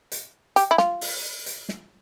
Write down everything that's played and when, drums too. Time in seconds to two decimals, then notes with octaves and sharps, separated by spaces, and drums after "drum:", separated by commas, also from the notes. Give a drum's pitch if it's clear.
0.12 drum: hi-hat
0.56 G4, drum: hi-hat
0.71 E4
0.78 F4, drum: snare
1.01 drum: open hi-hat
1.46 drum: hi-hat
1.69 drum: snare